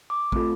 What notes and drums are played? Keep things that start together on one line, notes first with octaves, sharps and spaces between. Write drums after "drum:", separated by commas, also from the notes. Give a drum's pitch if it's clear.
D6
A3 C4 F4 A4, drum: kick